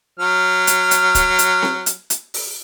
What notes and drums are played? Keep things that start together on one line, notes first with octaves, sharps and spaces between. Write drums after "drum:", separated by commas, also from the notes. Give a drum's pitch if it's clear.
F#3 F6
drum: hi-hat
drum: hi-hat
drum: kick D1, hi-hat
drum: hi-hat
drum: snare C4
drum: hi-hat
drum: hi-hat
drum: open hi-hat